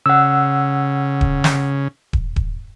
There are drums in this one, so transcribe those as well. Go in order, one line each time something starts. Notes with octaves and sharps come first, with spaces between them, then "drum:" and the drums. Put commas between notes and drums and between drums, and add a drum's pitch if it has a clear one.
C#3 F#5 E6
drum: kick D#1
drum: snare
drum: kick D#1
drum: kick D#1